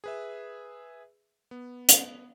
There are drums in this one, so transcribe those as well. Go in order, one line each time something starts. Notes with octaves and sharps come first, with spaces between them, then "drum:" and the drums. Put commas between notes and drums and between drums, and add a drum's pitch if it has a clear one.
G#4 B4 E5
B3
drum: hi-hat